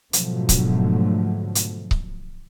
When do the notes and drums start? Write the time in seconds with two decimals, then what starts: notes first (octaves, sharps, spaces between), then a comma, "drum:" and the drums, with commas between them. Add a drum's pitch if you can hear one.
0.13 G#2 B2 D3 F3 F#3 A3, drum: hi-hat
0.49 drum: kick C#1, hi-hat
1.55 drum: hi-hat
1.91 drum: kick C#1